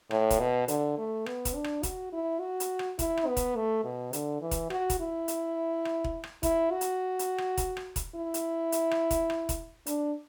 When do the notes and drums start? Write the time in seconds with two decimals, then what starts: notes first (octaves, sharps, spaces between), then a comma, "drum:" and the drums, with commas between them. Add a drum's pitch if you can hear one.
0.11 A2, drum: rim click
0.30 drum: kick E1, hi-hat
0.40 B2
0.68 D3, drum: hi-hat
0.98 A3
1.26 B3, drum: rim click
1.45 drum: kick E1, hi-hat
1.55 D4
1.64 drum: rim click
1.83 F#4, drum: kick E1, hi-hat
2.13 E4
2.41 F#4
2.60 drum: hi-hat
2.79 drum: rim click
2.99 E4, drum: kick E1, hi-hat
3.17 drum: rim click
3.27 B3
3.37 drum: kick E1, hi-hat
3.56 A3
3.84 B2
4.13 D3, drum: hi-hat
4.41 E3
4.51 drum: kick E1, hi-hat
4.70 F#4, drum: rim click
4.90 drum: kick E1, hi-hat
5.00 E4
5.28 drum: hi-hat
5.85 drum: rim click
6.04 drum: kick E1
6.24 drum: rim click
6.43 E4, drum: kick E1, hi-hat
6.72 F#4
6.81 drum: hi-hat
7.19 drum: hi-hat
7.38 drum: rim click
7.57 drum: kick E1, hi-hat
7.77 drum: rim click
7.96 drum: kick E1, hi-hat
8.15 E4
8.34 drum: hi-hat
8.72 drum: hi-hat
8.91 drum: rim click
9.11 drum: kick E1, hi-hat
9.30 drum: rim click
9.49 drum: kick E1, hi-hat
9.86 D4, drum: hi-hat